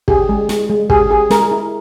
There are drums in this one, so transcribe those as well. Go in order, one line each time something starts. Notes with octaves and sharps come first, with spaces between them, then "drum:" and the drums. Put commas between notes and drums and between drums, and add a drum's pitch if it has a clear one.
G4 G#4, drum: kick
G#3
G#3, drum: snare
G#3
G4 G#4, drum: kick
G4 G#4
G#3 A#4, drum: snare
E4